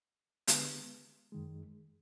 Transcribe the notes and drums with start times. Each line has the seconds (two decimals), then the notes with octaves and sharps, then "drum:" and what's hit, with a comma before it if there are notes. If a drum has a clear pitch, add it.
0.48 D3 G#3 B3, drum: hi-hat
1.32 F#2 D#3 G#3